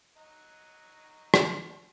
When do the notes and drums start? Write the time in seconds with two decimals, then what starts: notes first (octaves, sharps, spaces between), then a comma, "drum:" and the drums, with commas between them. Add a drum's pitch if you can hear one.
0.17 F#3 D#5 A#5
1.34 drum: rim click